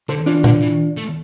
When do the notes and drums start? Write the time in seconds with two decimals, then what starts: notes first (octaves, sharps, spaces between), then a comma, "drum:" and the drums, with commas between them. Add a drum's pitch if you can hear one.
0.09 D3 A4 C5
0.26 E3 D4 F4
0.44 D3, drum: tom
0.62 E3
0.97 A3